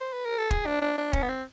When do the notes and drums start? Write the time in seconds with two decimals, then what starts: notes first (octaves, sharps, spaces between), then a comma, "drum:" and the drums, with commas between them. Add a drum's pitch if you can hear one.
0.01 C5
0.13 B4
0.25 A#4
0.38 A4
0.51 G#4, drum: kick
0.66 D4
0.82 D4
0.98 D4
1.13 C#4, drum: kick
1.22 B3
1.29 C4